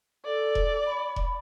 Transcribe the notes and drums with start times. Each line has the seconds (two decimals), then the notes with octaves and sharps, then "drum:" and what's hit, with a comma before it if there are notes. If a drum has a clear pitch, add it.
0.25 A4 D5
0.55 drum: kick E1
0.86 B5
1.16 drum: kick E1